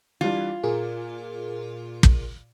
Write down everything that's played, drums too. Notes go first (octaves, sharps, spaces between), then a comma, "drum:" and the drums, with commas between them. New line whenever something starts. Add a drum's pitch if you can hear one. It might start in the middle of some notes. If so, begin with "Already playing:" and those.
E3 G3 D4 F4
A#2 G#4 A#4
drum: kick